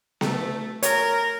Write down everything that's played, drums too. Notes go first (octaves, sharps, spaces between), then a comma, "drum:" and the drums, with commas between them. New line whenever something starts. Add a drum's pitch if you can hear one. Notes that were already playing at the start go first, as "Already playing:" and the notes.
A3, drum: snare B3
A#4 C#5, drum: hi-hat